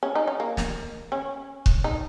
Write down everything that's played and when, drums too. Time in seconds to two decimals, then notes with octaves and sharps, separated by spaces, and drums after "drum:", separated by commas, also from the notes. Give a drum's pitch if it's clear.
0.03 C#4
0.15 D#4
0.27 C#4
0.40 A#3
0.57 drum: snare
1.12 C#4
1.66 drum: kick
1.84 D#4